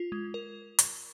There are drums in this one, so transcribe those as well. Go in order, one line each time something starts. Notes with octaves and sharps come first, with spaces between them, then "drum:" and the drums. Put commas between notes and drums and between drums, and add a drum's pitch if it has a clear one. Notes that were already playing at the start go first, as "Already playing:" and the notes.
Already playing: F4
G#3
A#4
drum: hi-hat